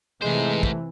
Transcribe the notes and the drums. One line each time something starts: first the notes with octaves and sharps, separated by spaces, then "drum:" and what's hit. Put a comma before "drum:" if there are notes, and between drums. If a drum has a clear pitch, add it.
G#2 C3 E3 G#3 A3 C5
drum: kick